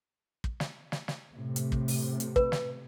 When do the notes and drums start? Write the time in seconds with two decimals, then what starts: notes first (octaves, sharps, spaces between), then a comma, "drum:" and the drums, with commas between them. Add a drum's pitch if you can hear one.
0.44 drum: kick
0.60 drum: snare
0.92 drum: snare
1.08 drum: snare
1.32 A2 C3
1.56 drum: hi-hat
1.72 drum: kick
1.88 drum: open hi-hat
2.20 drum: hi-hat
2.36 B4, drum: kick
2.52 drum: snare